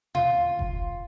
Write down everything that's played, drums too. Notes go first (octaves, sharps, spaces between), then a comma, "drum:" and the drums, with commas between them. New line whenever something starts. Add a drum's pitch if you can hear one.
F4, drum: tom A#2
drum: kick E1